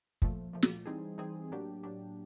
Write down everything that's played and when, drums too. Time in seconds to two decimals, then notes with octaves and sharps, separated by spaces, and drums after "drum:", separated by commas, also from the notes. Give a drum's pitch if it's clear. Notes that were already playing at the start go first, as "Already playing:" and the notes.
0.22 A#2 F3 A3, drum: kick
0.53 A#2 F3 A3
0.63 drum: snare
0.85 E3 G3 C4 D#4 G#4
1.18 E3 G3 C4 D#4 G#4
1.51 A2 F#3 A#3 D4 G4
1.83 A2 F#3 A#3 D4 G4